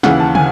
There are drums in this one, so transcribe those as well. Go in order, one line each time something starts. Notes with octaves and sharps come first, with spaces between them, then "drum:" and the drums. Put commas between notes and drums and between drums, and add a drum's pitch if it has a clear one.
D#2 C#3 E3 F#5, drum: snare
A5
G#5, drum: tom